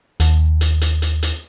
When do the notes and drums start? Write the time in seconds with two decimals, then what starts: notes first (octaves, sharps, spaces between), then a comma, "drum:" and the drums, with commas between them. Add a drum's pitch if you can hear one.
0.20 D#2, drum: hi-hat
0.61 drum: hi-hat
0.81 drum: hi-hat
1.02 drum: hi-hat
1.23 drum: hi-hat